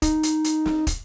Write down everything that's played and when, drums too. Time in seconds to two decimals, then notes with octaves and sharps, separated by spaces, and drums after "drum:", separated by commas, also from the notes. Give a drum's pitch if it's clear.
0.02 D#4, drum: kick, hi-hat
0.23 drum: hi-hat
0.44 drum: hi-hat
0.66 drum: snare
0.87 drum: kick, hi-hat